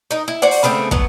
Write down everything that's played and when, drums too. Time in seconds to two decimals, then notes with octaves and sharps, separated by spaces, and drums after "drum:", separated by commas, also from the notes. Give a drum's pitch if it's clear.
0.11 D#4 A#4
0.28 E4
0.42 F#4 C5 D5 F#5
0.51 drum: open hi-hat
0.63 C#3 A3 B3 C4
0.91 F#3 B3, drum: kick